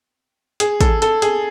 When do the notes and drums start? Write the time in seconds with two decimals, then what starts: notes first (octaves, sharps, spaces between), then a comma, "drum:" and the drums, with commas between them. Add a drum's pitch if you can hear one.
0.60 G#4, drum: hi-hat
0.81 A4, drum: kick, hi-hat
1.02 A4, drum: hi-hat
1.22 G#4, drum: hi-hat